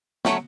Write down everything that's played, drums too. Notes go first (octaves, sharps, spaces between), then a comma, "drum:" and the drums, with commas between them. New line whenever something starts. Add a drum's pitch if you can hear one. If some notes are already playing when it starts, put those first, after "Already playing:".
F#3 A3 C#4, drum: snare